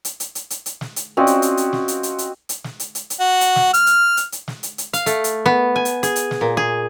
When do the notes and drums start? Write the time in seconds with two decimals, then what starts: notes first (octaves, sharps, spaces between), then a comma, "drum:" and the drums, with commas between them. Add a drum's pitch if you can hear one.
0.05 drum: hi-hat
0.20 drum: hi-hat
0.35 drum: hi-hat
0.50 drum: hi-hat
0.66 drum: hi-hat
0.81 drum: snare
0.96 drum: hi-hat
1.17 C4 C#4 F4 F#4 D5 D#5
1.27 drum: hi-hat
1.42 drum: hi-hat
1.57 drum: hi-hat
1.73 drum: snare
1.88 drum: hi-hat
2.03 drum: hi-hat
2.18 drum: hi-hat
2.49 drum: hi-hat
2.64 drum: snare
2.80 drum: hi-hat
2.95 drum: hi-hat
3.10 drum: hi-hat
3.20 F#4
3.41 drum: hi-hat
3.56 drum: snare
3.74 F6, drum: hi-hat
3.87 drum: hi-hat
4.17 drum: hi-hat
4.32 drum: hi-hat
4.48 drum: snare
4.63 drum: hi-hat
4.78 drum: hi-hat
4.93 F5, drum: hi-hat
5.06 A3, drum: hi-hat
5.24 drum: hi-hat
5.46 B3
5.76 G#5
5.85 drum: hi-hat
6.03 G#4, drum: hi-hat
6.16 drum: hi-hat
6.31 drum: snare
6.41 A#2
6.57 G#4